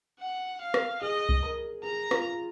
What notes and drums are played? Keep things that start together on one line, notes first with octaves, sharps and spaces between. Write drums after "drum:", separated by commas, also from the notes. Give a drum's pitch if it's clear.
F#5
F5
drum: rim click
G#4 D#5
drum: kick C2
A#4
G#4 A#5
F4, drum: rim click